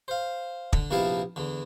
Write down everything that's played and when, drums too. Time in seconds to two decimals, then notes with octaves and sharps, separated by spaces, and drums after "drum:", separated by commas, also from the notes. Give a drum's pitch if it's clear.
0.08 C5 F5
0.73 D3, drum: kick
0.91 A#1 C3 B3 E4 F5 A5
1.36 E2 D3